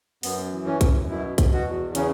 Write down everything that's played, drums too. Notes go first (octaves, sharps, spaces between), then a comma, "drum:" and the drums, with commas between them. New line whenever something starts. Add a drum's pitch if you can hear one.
F#2 B3, drum: open hi-hat
E3
C#4
F#2, drum: kick, hi-hat
B2 E4
B2, drum: kick, hi-hat
F#4
E2
C#3 C#4, drum: hi-hat